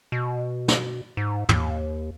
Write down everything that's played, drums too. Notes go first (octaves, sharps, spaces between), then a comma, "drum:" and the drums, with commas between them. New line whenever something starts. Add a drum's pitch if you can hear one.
B2
drum: snare
G#2
D#2, drum: tom